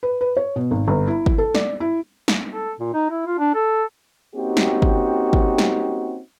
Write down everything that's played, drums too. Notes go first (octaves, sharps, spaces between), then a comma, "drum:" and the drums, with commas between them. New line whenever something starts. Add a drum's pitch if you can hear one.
B4
B4
C#5
B2
G#1
G1
E4
drum: kick
A4
D5, drum: snare
E4
drum: snare
A4
A#2
D#4
E4
F4
D4
A4
A#3 C4 C#4 D#4 F#4 G4
drum: snare
drum: kick
drum: kick
drum: snare